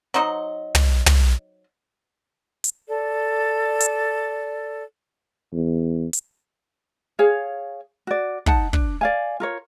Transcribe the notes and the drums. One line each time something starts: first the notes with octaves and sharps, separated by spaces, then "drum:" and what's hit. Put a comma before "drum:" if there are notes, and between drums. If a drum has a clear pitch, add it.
F#3 D#4 C5 D#5
drum: tom
drum: tom
drum: hi-hat
A4 D5
drum: hi-hat
E2
drum: hi-hat
G#4 C#5 F5
F#4 D5
D#4 F#5 A5, drum: kick
D4, drum: kick
D5 F5 G#5
F4 A#4 C#5